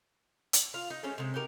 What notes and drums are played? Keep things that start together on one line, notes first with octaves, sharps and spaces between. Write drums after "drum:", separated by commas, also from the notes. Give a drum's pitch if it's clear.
drum: hi-hat
F4 F5
D#4
G#3 A3 C#4 C5
C3 G#3
D#4 F#4 G4 A#4